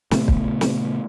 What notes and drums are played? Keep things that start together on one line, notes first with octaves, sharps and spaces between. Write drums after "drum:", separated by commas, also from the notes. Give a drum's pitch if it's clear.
A#2 C#3 A3 B3, drum: snare
drum: kick
drum: snare